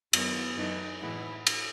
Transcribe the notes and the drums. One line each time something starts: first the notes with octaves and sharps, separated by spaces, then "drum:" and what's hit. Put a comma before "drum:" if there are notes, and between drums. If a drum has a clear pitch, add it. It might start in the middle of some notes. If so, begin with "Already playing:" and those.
F#2 D#3 G#3 B3 C#4, drum: cymbal
F#2 E3 A3 D#4 E4
A2 E3 G#3 B3 D#4 E4
drum: cymbal